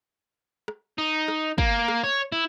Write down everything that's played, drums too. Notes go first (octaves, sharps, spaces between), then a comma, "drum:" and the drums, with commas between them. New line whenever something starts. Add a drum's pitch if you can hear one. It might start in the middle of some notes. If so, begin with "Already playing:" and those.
drum: rim click
D#4
drum: rim click
A#3, drum: kick
drum: rim click
C#5
E4